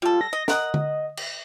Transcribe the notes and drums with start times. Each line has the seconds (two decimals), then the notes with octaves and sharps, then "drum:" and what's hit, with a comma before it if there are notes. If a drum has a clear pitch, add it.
0.02 G3 F4 A4
0.21 A#6
0.33 D#5
0.48 A#4 D#5 F#5, drum: snare
0.74 drum: tom D3
1.17 drum: cymbal